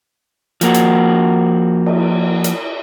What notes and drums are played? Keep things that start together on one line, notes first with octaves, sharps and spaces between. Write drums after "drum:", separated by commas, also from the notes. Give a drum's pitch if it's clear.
F3 A#3 F#4, drum: hi-hat
drum: hi-hat
drum: cymbal
drum: hi-hat